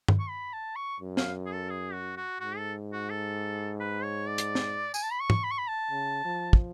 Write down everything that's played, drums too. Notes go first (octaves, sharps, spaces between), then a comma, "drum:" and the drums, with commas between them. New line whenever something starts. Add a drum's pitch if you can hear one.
drum: tom G2
C#6
B5
A5
C#6
F#2
F5, drum: snare
G#4
A4
G#4
F#4
F#4
G#2 F#4
A4
F#4
A4
B4
C#5
D5
drum: hi-hat
drum: snare
G#5, drum: tambourine
A5
B5
C#6
drum: tom G#2
B5
C#6
B5
A5
C#3
F3
drum: kick